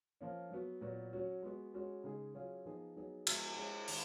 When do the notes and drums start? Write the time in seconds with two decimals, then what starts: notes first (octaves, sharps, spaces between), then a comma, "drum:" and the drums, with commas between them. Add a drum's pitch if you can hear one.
0.21 F3 A#3 C#4
0.51 F#3 B3 F#4
0.81 A#2 F#3 B3 F#4
1.13 F#3 C#4 F#4
1.43 G#3 B3 F#4
1.74 G#3 C#4 F#4
2.04 C#3 G#3 D#4 G#4
2.35 F#3 C#4 F4 G#4
2.65 F3 B3 D#4 G#4
2.97 F#3 B3 D#4 G#4
3.27 F3 G#3 B3 F#4, drum: cymbal
3.57 G#3 C#4 G#4
3.88 D#3 G#3, drum: open hi-hat